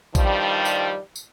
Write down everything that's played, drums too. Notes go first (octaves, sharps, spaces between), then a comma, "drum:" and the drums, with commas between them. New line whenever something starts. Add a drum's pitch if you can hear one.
G2 D#3 F3 G3, drum: kick A1, tambourine
drum: tambourine
drum: tambourine